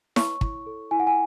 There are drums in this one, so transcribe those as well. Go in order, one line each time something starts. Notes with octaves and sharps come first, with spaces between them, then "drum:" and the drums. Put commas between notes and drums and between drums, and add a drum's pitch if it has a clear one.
C#5 C#6, drum: snare E4
E4, drum: kick
A4
E4 G#5
F#5
G#5